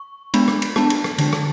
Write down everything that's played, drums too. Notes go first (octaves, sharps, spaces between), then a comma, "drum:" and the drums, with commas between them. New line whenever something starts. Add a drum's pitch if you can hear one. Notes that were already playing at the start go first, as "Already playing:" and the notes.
Already playing: C#6
G#3 B3 D4 B5, drum: cymbal
drum: rim click
drum: cymbal
G#3 B3 D4 A5, drum: rim click
drum: cymbal
drum: rim click
D3 G#3 D4, drum: cymbal
drum: rim click